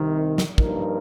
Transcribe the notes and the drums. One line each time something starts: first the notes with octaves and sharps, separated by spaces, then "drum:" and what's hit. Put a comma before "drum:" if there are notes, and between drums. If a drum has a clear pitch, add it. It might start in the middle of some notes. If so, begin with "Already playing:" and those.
Already playing: C2 C3 D#3
drum: snare
G2 F3 A#3 D#4 A#4, drum: kick